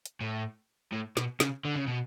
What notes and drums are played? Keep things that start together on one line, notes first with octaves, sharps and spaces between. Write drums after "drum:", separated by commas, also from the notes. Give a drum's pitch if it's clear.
drum: hi-hat
A2
A2
B2, drum: snare
C#3, drum: snare
D3
C#3
B2